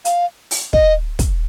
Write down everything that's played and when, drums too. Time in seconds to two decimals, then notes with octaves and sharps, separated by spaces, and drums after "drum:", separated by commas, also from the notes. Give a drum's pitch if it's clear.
0.05 F5, drum: hi-hat
0.51 drum: open hi-hat
0.73 D#5, drum: kick
1.19 drum: kick, hi-hat